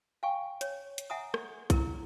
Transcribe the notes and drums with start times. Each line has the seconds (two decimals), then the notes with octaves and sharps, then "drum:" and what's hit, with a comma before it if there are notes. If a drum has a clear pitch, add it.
0.23 F5 G5 G#5 C#6
0.61 C#5, drum: hi-hat
0.98 drum: hi-hat
1.10 E5 F#5 G#5 A#5 D#6
1.34 drum: rim click
1.70 E4 A#4 A#5, drum: kick, hi-hat